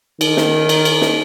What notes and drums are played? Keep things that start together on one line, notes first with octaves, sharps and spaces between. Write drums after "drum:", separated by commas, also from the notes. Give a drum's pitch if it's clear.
D#3, drum: cymbal
drum: snare
drum: cymbal
drum: cymbal
drum: snare